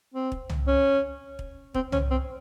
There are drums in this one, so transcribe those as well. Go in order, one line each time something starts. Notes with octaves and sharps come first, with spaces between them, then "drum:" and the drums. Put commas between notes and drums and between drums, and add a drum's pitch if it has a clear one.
C4
drum: kick
drum: tom C2
C#4
drum: kick
C4, drum: kick
C#4, drum: tom C2
C4